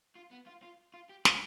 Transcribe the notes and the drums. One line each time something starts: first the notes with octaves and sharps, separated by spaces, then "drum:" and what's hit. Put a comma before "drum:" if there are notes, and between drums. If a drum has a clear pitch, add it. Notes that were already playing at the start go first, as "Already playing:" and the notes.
F4
B3
F4
F4
F4
G4
F4, drum: snare